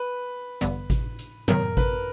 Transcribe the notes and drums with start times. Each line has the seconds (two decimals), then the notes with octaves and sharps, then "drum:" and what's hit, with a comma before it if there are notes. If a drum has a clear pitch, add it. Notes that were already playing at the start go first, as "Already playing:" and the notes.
Already playing: B4
0.61 A1 G2 D3 G3 B3, drum: hi-hat
0.90 drum: kick G#1, hi-hat
1.19 drum: hi-hat
1.48 C3 D#3 F#3 B3 A#4, drum: tom F#2
1.77 B4, drum: kick G#1, hi-hat